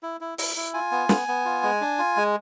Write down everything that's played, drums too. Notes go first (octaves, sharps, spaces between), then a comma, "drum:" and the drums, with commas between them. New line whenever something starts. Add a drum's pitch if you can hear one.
E4
E4
E4, drum: open hi-hat
E4
F4 G#5
B3
B3, drum: snare
B3
F4
G#3
D4
F4
G#3